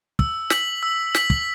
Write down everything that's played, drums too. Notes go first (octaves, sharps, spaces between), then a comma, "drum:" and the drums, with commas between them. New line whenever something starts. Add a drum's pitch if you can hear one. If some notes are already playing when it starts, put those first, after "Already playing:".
E6, drum: kick
B6 F#7, drum: snare
E6
B6 F#7, drum: snare
drum: kick